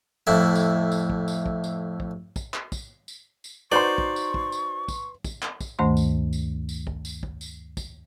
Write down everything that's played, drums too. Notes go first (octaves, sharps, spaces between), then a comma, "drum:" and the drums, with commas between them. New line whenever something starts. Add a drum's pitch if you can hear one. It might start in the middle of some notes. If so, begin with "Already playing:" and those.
F2 A2 E4
drum: tambourine
drum: tambourine
drum: kick
drum: tambourine
drum: kick
drum: tambourine
drum: kick
drum: kick, tambourine
drum: clap
drum: kick, tambourine
drum: tambourine
drum: tambourine
D#4 F#4 B4 C5 D5 C6 C#6
drum: kick
drum: tambourine
drum: kick
drum: tambourine
drum: kick, tambourine
drum: kick, tambourine
drum: clap
drum: kick, tambourine
D2 G2 D#3 A3 C5 C6
drum: tambourine
drum: tambourine
drum: tambourine
drum: kick
drum: tambourine
drum: kick
drum: tambourine
drum: kick, tambourine